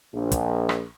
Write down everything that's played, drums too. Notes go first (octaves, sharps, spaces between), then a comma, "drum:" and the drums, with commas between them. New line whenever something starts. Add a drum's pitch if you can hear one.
A#1
drum: kick, hi-hat
drum: rim click